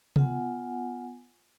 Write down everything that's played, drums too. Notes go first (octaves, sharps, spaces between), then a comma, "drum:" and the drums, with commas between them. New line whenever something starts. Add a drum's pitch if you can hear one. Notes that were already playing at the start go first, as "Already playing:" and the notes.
B3 F4 F#5 G#5, drum: tom C3